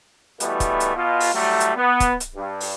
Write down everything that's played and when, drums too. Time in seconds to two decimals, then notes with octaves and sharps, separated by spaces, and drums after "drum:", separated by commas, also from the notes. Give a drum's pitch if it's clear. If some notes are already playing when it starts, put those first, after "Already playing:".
0.40 B2 E3 G3 A3 B3, drum: hi-hat
0.60 drum: kick, hi-hat
0.80 drum: hi-hat
0.95 B2 F4
1.20 drum: open hi-hat
1.33 A2 F#3 G3 A3
1.60 drum: hi-hat
1.76 B3
2.00 drum: kick, hi-hat
2.20 drum: hi-hat
2.35 G2
2.60 drum: open hi-hat